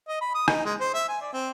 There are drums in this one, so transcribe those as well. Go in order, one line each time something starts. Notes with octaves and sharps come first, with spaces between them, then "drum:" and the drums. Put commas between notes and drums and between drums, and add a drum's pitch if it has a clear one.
D#5
B5
D#6
D#4, drum: rim click
G#3
C5
E5
G#5
D5
C4